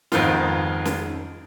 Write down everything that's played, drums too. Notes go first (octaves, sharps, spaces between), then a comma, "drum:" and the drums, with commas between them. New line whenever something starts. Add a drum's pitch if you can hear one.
F2 G#2 D#3 B3 D#4 F4, drum: snare
drum: snare